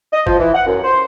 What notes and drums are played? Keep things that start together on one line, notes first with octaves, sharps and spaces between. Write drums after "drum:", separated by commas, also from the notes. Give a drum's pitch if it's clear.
D#5
F3, drum: kick G1
E3
F#5
F#2
C5